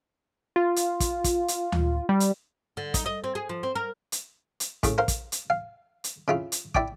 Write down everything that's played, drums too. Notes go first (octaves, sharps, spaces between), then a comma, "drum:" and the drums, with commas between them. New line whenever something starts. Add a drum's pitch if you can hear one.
F4
drum: hi-hat
drum: kick, hi-hat
drum: kick, hi-hat
drum: hi-hat
drum: tom D2
G3
drum: hi-hat
D3
D#4, drum: kick, hi-hat
D#5
C4
G#4
F3
C4
A#4
drum: hi-hat
drum: hi-hat
A2 C#3, drum: kick, hi-hat
A#4 C5 F5
drum: kick, hi-hat
drum: hi-hat
F5
drum: hi-hat
C#3 E4 F4
drum: hi-hat
E4 D5 G5 D6, drum: kick